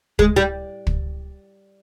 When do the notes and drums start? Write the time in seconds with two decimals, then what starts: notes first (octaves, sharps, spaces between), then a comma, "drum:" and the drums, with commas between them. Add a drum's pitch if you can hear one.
0.19 G#3, drum: kick
0.36 G3
0.87 drum: kick